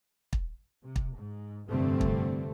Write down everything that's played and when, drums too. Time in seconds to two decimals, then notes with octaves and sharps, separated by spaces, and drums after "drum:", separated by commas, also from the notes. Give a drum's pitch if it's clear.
0.33 drum: kick
0.83 C3
0.96 drum: kick
1.17 G#2
1.68 F1 G2 D3 G3 A3 C4
2.01 drum: kick